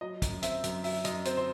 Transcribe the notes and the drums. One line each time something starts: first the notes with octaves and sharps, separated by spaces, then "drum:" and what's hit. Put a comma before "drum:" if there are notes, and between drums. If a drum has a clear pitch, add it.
F#3 D#5
F#2, drum: kick, hi-hat
C4 E5, drum: hi-hat
F#2, drum: hi-hat
F#3 E5, drum: open hi-hat
F#2 D#5, drum: hi-hat
C4 C5, drum: hi-hat
C5